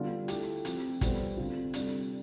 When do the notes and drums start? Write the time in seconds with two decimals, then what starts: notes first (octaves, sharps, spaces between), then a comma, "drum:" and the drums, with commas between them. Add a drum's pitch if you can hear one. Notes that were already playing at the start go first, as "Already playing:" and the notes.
Already playing: D3 G3 B3 F4
0.28 A3 E4 G4, drum: hi-hat
0.65 F3 C4 G4, drum: hi-hat
1.01 G3 B3 F4 A4 C5, drum: kick, hi-hat
1.37 D3 A3 C4 F4
1.73 C3 G3 D4 A4, drum: hi-hat